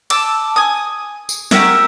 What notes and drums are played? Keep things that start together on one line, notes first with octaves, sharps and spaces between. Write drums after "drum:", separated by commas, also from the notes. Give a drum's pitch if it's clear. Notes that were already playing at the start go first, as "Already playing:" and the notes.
A5 D6 E6, drum: cymbal
G#5 D#6
drum: tambourine
F#4 G4 A#4 E5, drum: snare